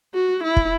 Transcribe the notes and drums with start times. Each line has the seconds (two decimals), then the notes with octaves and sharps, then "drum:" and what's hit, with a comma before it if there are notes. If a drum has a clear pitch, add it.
0.15 F#4
0.44 E4
0.57 drum: kick